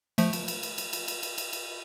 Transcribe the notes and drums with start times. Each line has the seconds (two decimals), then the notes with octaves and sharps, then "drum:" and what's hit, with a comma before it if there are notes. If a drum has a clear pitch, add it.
0.18 F3 A3, drum: cymbal
0.33 drum: cymbal
0.48 drum: cymbal
0.63 drum: cymbal
0.78 drum: cymbal
0.93 drum: cymbal
1.08 drum: cymbal
1.23 drum: cymbal
1.38 drum: cymbal
1.53 drum: cymbal